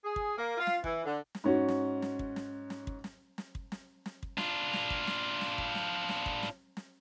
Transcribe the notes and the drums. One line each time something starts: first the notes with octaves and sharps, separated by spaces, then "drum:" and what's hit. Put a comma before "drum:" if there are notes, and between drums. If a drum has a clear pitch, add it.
G#4
drum: kick
A#3
F4
drum: snare
E3, drum: kick
D3
drum: snare
G#2 C#4 F#4
drum: snare
drum: snare
drum: kick
drum: snare
drum: snare
drum: kick
drum: snare
drum: snare
drum: kick
drum: snare
drum: snare
drum: kick
D4 F4, drum: snare
drum: snare
drum: kick
drum: snare
drum: snare
drum: kick
drum: snare
drum: snare
drum: kick
drum: snare
drum: snare